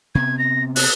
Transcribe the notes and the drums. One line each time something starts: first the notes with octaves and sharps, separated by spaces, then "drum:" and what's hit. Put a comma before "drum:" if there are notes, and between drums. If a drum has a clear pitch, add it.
C3 B3 G#6
A#6
F#6, drum: open hi-hat